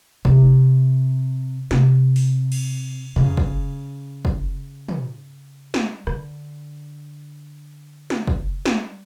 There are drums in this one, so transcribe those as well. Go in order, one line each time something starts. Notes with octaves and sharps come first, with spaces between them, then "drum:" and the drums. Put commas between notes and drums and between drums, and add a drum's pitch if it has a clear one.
C3, drum: kick
C3, drum: snare
drum: open hi-hat
drum: cymbal
C#3, drum: tom
drum: kick
drum: kick
drum: tom
drum: snare
D3, drum: rim click
drum: snare
drum: kick
drum: snare